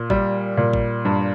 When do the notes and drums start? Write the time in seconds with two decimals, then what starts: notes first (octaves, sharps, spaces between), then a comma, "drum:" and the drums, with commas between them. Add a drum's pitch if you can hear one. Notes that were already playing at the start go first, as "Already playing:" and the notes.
Already playing: A#2
0.10 G3, drum: kick
0.57 A#2
0.73 drum: kick
1.05 G2